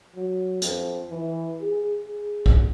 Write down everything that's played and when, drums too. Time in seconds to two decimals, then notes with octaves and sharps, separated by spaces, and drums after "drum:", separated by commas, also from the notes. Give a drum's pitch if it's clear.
0.15 F#3
0.62 F2, drum: hi-hat
1.11 E3
1.62 G#4
2.05 G#4
2.46 drum: kick